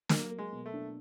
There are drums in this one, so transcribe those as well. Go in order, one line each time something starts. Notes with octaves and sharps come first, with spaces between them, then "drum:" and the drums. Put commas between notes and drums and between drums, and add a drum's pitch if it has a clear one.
F#3 A#3, drum: snare
A#3
G#3
B2
A3
D4